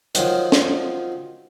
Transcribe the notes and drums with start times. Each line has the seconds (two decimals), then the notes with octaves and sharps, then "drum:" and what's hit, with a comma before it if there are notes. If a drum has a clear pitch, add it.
0.15 D#3 F3 F#3 F4, drum: hi-hat
0.52 drum: snare